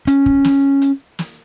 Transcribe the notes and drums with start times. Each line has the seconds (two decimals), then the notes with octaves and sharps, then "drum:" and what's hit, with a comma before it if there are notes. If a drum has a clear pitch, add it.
0.07 C#4, drum: hi-hat
0.26 drum: kick
0.44 drum: snare
0.82 drum: hi-hat
1.19 drum: snare